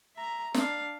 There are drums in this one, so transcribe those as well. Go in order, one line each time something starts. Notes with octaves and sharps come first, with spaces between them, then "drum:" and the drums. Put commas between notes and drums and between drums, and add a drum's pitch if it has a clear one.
E5 A#5
D4 F5, drum: snare